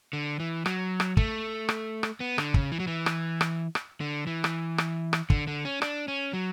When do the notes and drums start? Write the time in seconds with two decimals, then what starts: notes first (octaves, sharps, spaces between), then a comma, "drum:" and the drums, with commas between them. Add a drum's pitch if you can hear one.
0.13 D3
0.40 E3
0.66 F#3, drum: rim click
1.00 drum: rim click
1.17 A3, drum: kick
1.69 drum: rim click
2.03 drum: rim click
2.20 B3
2.38 D3, drum: rim click
2.54 C#3, drum: kick
2.72 E3
2.80 F#3
2.87 E3
3.06 drum: rim click
3.41 drum: rim click
3.75 drum: rim click
4.01 D3
4.27 E3
4.44 drum: rim click
4.78 drum: rim click
5.13 drum: rim click
5.30 D3, drum: kick
5.47 D3
5.65 C#4
5.82 D4, drum: rim click
6.08 C#4
6.33 F#3